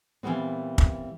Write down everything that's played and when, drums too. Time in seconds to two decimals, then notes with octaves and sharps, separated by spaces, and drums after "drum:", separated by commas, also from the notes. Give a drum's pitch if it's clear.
0.23 A#2 E3 F3 G3 B3 C4
0.78 drum: kick